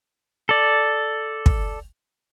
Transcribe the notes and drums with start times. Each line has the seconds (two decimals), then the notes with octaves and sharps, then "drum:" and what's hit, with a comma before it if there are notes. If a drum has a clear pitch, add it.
0.49 A4 D5
1.46 drum: kick